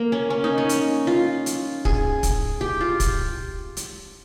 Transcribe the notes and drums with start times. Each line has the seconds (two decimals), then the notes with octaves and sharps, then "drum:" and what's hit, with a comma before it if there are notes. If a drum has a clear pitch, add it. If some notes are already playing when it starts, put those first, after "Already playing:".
Already playing: A#3
0.12 C#4
0.30 C#4
0.44 D#4
0.58 C#4
0.69 drum: hi-hat
1.07 F4
1.46 drum: hi-hat
1.85 G#4, drum: kick
2.23 drum: kick, hi-hat
2.61 G4
2.81 F4
3.00 drum: kick, hi-hat
3.77 drum: hi-hat